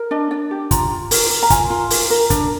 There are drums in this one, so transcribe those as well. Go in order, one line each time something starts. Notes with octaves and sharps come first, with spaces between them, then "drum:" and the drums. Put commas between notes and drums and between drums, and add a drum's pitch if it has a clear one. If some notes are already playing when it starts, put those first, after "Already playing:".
Already playing: A#4
D4 D#5
D4 D5
G4
F4 A#5, drum: kick, hi-hat
F4
A#4, drum: open hi-hat
A#4
A#5
F4 G#5, drum: kick, hi-hat
F4
A#4, drum: open hi-hat
A#4
D4, drum: kick, hi-hat